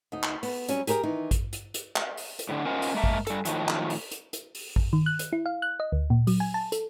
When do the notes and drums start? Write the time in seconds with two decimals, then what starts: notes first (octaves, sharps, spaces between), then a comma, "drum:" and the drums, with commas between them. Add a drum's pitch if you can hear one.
0.12 D2 D#4
0.23 drum: clap
0.43 B3, drum: open hi-hat
0.68 F#3 G3 C#4, drum: hi-hat
0.87 G4 G#4 A#4 B4 G5, drum: hi-hat
1.03 D#3 E3 D#4
1.31 drum: kick A1, hi-hat
1.53 drum: hi-hat
1.74 drum: hi-hat
1.96 drum: clap
2.17 drum: open hi-hat
2.39 drum: hi-hat
2.49 A2 D3
2.65 C#4 F4 A#4 C5 D#5 F#5
2.82 drum: open hi-hat
2.95 G#3 A#3 A#4 E5 A5
3.04 drum: kick A1
3.27 G3 A4, drum: hi-hat
3.45 A2 D#3 F3 F#3, drum: hi-hat
3.68 drum: clap
3.90 drum: open hi-hat
4.12 drum: hi-hat
4.33 drum: hi-hat
4.55 drum: open hi-hat
4.76 drum: kick A1
4.93 D#3
5.06 F#6
5.19 drum: hi-hat
5.33 E4
5.46 F5
5.62 F#6
5.80 D#5
5.92 D2
6.10 A#2
6.27 F#3, drum: open hi-hat
6.40 G#5
6.54 A5
6.72 A4, drum: hi-hat